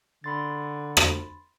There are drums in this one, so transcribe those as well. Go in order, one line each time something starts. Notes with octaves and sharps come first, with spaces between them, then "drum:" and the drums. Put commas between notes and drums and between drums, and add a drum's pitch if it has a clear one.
D3 B5 C6 A6
drum: rim click